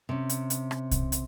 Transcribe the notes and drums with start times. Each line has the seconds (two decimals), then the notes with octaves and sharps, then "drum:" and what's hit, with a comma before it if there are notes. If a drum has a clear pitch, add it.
0.09 C3 C#4
0.29 drum: hi-hat
0.50 drum: hi-hat
0.71 drum: rim click
0.91 drum: kick, hi-hat
1.12 drum: hi-hat